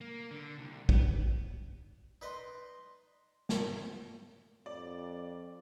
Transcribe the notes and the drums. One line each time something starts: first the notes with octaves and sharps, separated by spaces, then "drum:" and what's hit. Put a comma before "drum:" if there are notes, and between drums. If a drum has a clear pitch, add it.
A#3
D3
C2
B3, drum: kick
D#4 B4 D5 D#5 C6
drum: snare
F2 D5